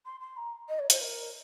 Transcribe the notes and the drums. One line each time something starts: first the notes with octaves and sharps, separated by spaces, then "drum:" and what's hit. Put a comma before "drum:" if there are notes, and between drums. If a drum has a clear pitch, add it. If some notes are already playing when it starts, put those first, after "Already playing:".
C6
C6
A#5
D#5
C#5
C5, drum: hi-hat
A#4